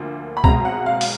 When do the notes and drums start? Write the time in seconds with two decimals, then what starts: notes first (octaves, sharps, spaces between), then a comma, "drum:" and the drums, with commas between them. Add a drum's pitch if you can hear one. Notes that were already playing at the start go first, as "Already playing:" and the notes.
Already playing: D2 D3 F3 A#3
0.37 B5
0.44 B1 B2 G#3 C4 A#5, drum: kick
0.65 F#5
0.86 F5
1.01 drum: open hi-hat